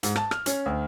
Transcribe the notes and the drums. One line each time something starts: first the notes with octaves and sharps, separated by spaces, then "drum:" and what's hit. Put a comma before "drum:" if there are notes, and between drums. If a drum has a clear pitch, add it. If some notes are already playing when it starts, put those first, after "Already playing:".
G#2, drum: hi-hat
A5, drum: rim click
F6, drum: rim click
C#4, drum: hi-hat
D2